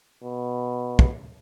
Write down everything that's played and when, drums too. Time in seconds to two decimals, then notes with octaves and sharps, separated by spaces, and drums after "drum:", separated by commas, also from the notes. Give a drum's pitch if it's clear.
0.23 B2
0.99 drum: kick